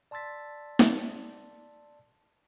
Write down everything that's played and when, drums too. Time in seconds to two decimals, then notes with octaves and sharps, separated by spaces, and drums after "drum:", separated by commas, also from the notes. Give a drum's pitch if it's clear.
0.11 D5 A5 C6 E6 A6 B6
0.79 drum: snare